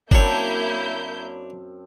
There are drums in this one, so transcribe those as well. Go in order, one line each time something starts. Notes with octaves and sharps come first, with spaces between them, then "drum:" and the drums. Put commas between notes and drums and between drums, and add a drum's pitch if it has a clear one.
F#2 A#3 C4 D4 E4 C#5 A5 G6, drum: kick G1